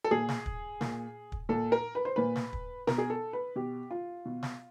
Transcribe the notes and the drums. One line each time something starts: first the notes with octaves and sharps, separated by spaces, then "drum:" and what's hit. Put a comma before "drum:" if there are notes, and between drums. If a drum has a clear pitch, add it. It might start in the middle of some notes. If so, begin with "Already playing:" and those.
A4
A#2 G#4
drum: snare
drum: kick
A#2, drum: snare
drum: kick
A#2 A4
A#4
B4
C5
A#2 B4
drum: snare
drum: kick
B2 A#4, drum: snare
G#4
A4
B4
B2 G4
F4
B2
drum: snare